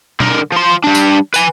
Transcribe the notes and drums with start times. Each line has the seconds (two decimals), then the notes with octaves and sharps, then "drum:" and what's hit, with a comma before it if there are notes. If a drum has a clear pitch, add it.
0.20 D3 A#4, drum: tom B2
0.52 F3 C6
0.84 G3 D4
0.95 drum: tambourine
1.34 B4 G#5, drum: tambourine